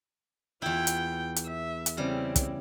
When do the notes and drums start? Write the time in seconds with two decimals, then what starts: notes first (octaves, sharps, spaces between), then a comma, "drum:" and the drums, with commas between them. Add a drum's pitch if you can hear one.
0.62 E2 E4 F4 G5
0.87 drum: hi-hat
1.36 drum: hi-hat
1.46 E5
1.86 drum: hi-hat
1.97 C#3 G3 C4 E4
2.36 drum: kick, hi-hat